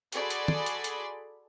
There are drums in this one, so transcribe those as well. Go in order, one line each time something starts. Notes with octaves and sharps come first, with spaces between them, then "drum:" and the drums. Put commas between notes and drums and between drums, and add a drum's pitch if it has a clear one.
F#4 G#4 A4 D5 B5 C6, drum: hi-hat
drum: hi-hat
drum: tom
drum: hi-hat
drum: hi-hat